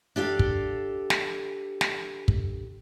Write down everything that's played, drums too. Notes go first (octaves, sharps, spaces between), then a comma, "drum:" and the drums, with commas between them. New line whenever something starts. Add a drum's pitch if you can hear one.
D4 G4 A4 F5
drum: kick
drum: snare
drum: snare
drum: kick